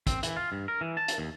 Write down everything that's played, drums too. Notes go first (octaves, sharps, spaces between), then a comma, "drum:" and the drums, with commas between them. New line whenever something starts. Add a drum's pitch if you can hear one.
C4, drum: kick, hi-hat
E3, drum: hi-hat
F4
G2
A#4
E3
A5
drum: hi-hat
D#2